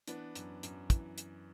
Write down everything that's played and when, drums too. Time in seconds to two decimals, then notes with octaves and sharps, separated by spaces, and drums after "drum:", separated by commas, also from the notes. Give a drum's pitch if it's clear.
0.08 E3 B3 D4, drum: hi-hat
0.35 F#2, drum: hi-hat
0.63 F#2, drum: hi-hat
0.90 E3, drum: kick, hi-hat
1.18 drum: hi-hat